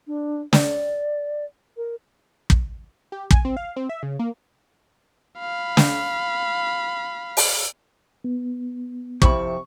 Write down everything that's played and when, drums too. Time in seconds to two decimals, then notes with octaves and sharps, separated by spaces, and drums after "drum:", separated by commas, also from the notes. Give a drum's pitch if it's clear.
0.07 D4
0.53 D5, drum: snare
1.77 A#4
2.50 drum: kick
3.12 G4
3.31 G#5, drum: kick
3.45 C4
3.57 F5
3.76 C4
3.89 E5
4.03 C#3
4.19 A#3
5.39 F5 B5
5.77 drum: snare
7.37 drum: open hi-hat
8.24 B3
9.22 F2 C3 E4 B5 C#6, drum: kick